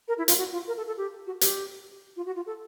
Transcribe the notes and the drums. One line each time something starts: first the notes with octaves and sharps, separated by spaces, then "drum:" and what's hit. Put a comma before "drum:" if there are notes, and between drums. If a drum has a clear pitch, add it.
A#4
E4
F4, drum: hi-hat
F#4
F4
A#4
A4
A4
G4
F#4
G4, drum: hi-hat
F4
F#4
F4
A4